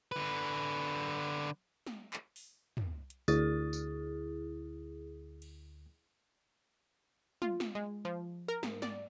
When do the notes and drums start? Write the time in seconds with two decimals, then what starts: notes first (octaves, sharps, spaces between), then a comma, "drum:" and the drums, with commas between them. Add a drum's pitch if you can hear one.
0.12 D3 B4
1.87 drum: snare
2.13 drum: clap
2.36 drum: open hi-hat
2.77 drum: tom
3.10 drum: hi-hat
3.28 D2 E4 G#4 D#6 A6, drum: tambourine
3.73 drum: tambourine
5.42 drum: cymbal
7.42 F4, drum: tom
7.60 drum: snare
7.75 G#3
8.05 F3
8.48 A#4
8.63 G#2, drum: snare
8.82 D5, drum: snare